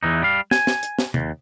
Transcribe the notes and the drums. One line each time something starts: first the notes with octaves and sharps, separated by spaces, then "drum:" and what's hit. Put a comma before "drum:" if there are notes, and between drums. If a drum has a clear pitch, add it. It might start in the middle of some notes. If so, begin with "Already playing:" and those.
E2 E3 D#4
G3 F5
G#5, drum: snare
drum: snare
drum: hi-hat
drum: snare
D#2, drum: tom